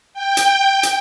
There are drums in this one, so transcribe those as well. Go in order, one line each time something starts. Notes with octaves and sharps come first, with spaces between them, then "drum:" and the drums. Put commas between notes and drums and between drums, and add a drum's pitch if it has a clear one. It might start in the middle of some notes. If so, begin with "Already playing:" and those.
G5
drum: hi-hat
drum: hi-hat